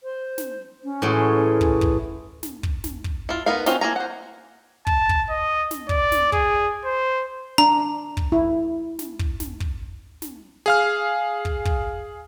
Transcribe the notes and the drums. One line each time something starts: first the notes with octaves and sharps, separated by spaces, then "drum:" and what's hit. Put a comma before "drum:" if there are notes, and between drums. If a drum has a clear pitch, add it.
C5
drum: snare
C#4
A2 E3 G#3 F#4 G#4
drum: kick
drum: kick
drum: snare
drum: kick
drum: snare
drum: kick
E4 F4
B3 D#4 A#4 B4 F5
C4 C#4 D#4 F4 F#4, drum: snare
A#3 E4 G#5 A#5
C5 F#5
A5, drum: kick
drum: kick
D#5
drum: snare
D5, drum: kick
drum: snare
G#4, drum: kick
C5
D4 A#5
drum: kick
E4
drum: snare
drum: kick
drum: snare
drum: kick
drum: snare
G#4 F5 F6
drum: kick
drum: kick